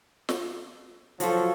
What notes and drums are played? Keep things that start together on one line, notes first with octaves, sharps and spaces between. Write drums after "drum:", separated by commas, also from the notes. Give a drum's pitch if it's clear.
drum: snare
F3 F#3 A4, drum: hi-hat